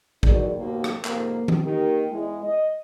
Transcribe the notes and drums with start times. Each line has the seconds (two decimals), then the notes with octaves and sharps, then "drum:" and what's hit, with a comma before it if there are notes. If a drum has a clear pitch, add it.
0.23 E2 D#3 F#3 D#4 G#4 D5, drum: kick
0.55 D#2 G#2 B2 A#3
0.84 drum: rim click
1.05 F2 G#2 C3 A#3, drum: clap
1.48 drum: tom D#3
1.63 D#3 A#3 G4
2.10 E2 G#3 E4
2.43 D#5